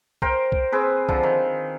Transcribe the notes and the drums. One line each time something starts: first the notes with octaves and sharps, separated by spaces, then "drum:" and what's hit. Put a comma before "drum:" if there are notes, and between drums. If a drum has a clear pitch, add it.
A#4 C5 G5, drum: kick
drum: kick
C4 G#4 B4
D3 F3, drum: kick
D#3